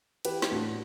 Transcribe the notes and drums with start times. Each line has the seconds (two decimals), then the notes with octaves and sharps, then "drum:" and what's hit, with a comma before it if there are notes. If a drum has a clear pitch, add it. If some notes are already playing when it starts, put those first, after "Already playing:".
0.25 E3 G4 B4, drum: cymbal
0.42 drum: snare
0.51 A2 D4 F#4